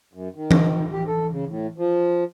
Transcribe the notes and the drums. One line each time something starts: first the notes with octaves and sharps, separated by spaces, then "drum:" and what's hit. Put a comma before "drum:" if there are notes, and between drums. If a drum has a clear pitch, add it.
F#2
D#3
drum: tom E3
G4
A4
C#3
A2
F3